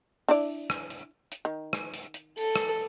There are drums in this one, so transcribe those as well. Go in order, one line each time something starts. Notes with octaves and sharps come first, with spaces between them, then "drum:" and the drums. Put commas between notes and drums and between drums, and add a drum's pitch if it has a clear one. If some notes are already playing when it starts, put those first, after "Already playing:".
D4 E4 D5, drum: open hi-hat
drum: rim click
drum: hi-hat
drum: hi-hat
D#3
drum: rim click
drum: hi-hat
drum: hi-hat
A4, drum: open hi-hat
drum: rim click